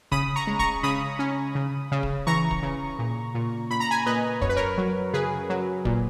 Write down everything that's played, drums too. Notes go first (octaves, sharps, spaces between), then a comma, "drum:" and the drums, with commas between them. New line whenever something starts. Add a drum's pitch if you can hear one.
C#3 B5 D#6, drum: kick
A#5 C#6
G#3
A#5 C#6, drum: kick
C#3 B5 D#6
C#4
C#3
C#3
drum: kick
E3 A#5 C#6
drum: kick
C#3
A#2
A#2
A#2 B5
A#5
G#5 B5
A#2 B4 D#5
F#2 C#5, drum: kick
B4
A#4 C#5
F#3
C#3 G#4 B4
F#3
A#2, drum: kick